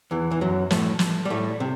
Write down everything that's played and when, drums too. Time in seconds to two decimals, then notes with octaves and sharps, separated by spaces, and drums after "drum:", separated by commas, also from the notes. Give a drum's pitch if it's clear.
0.11 E2 E3
0.31 E3
0.41 F#2 F#3
0.71 A2 A3, drum: snare
0.99 drum: snare
1.25 G3
1.30 A2 A3
1.60 C3